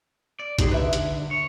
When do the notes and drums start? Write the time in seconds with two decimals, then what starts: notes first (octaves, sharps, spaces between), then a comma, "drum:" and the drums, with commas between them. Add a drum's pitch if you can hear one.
0.40 D5
0.59 D3 D#4 G4 G#4, drum: kick A1, hi-hat
0.71 B4 E5
0.93 drum: hi-hat
1.31 C#5